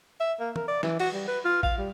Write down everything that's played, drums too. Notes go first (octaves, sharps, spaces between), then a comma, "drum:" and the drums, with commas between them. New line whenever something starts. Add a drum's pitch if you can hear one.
E5
A#3
A#4, drum: tom
D5
E3, drum: snare
F#4, drum: cymbal
G3
B4
F4
F5, drum: kick A1
G3